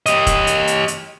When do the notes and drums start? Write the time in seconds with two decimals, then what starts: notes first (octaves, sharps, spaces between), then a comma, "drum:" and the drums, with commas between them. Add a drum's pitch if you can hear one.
0.06 G4 D#5, drum: hi-hat
0.27 drum: kick F1, hi-hat
0.47 drum: hi-hat
0.67 drum: hi-hat
0.88 drum: hi-hat